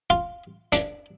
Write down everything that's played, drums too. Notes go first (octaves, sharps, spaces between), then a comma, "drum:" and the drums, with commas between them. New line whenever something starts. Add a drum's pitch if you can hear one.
F4
D4, drum: hi-hat